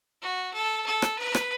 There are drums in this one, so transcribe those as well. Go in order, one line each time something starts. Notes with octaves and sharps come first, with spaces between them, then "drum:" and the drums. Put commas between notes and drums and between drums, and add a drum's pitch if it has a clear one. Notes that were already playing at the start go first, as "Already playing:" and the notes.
F#4
A4
A4
drum: rim click
B4
drum: rim click